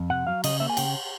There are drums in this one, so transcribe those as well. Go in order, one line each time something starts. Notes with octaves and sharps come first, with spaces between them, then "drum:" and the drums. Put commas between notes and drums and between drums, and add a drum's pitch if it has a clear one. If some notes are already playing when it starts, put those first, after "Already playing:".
Already playing: F2
C3 F#5
F#3 F5
C#3 D#5, drum: cymbal
A#3 E5
G#5
C#3 G5, drum: cymbal